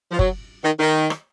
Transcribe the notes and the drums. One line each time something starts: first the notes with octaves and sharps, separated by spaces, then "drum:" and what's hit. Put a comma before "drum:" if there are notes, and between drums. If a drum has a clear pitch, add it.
F3
F#3, drum: kick
D#3
D#3
drum: rim click